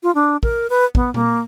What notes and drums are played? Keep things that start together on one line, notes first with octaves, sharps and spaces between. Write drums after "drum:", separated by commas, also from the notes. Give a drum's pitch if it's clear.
F4
D4
A#4, drum: kick
B4
B3, drum: kick
A#3, drum: tom A#2